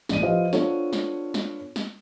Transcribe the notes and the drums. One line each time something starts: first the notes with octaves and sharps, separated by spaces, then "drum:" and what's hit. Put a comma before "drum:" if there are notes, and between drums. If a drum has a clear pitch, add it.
A1 D5 D#7, drum: snare
F3 G4 B4 C5 D#5 F5
B3 D4 F4 A4 C5 C#5, drum: snare
drum: snare
drum: snare
drum: snare